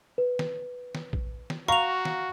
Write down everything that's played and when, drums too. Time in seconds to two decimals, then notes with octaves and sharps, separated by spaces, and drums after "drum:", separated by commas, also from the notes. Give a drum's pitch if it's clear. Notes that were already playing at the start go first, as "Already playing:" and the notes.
0.18 B4
0.39 drum: snare
0.95 drum: snare
1.13 drum: kick A#1
1.50 drum: snare
1.68 F#4 F5 A#5 C#6 F7
2.05 drum: snare